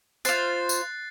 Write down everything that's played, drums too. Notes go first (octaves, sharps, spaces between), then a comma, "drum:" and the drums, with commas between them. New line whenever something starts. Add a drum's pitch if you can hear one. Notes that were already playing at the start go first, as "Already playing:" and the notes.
F4 C5 F#6 A6 C7, drum: tambourine
drum: tambourine